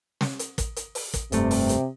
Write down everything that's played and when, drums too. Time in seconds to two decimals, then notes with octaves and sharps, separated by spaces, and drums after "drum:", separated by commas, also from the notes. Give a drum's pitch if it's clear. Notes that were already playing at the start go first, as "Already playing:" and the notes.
0.21 drum: snare
0.39 drum: hi-hat
0.58 drum: kick, hi-hat
0.76 drum: hi-hat
0.95 drum: open hi-hat
1.14 drum: kick, hi-hat
1.32 F1 G2 C3 A3, drum: hi-hat
1.51 drum: open hi-hat
1.69 drum: hi-hat